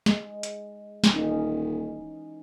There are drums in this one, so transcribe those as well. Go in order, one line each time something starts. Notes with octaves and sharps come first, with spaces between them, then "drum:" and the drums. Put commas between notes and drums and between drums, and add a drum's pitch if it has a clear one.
G#3, drum: snare
drum: hi-hat
drum: snare
D#1 E3 C#4 D#4